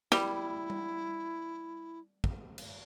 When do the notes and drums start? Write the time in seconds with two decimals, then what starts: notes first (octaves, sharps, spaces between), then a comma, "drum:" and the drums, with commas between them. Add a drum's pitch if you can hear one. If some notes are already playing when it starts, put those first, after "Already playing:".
0.12 G3 E4, drum: snare
0.70 drum: tom G3
2.24 drum: kick
2.58 drum: cymbal